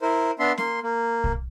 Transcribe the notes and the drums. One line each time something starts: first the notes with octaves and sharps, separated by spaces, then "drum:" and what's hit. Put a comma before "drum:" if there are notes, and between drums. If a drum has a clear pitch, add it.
E4 A#4 C5
B3 D4 E5 C6
A#3 C6, drum: snare
A#3
drum: kick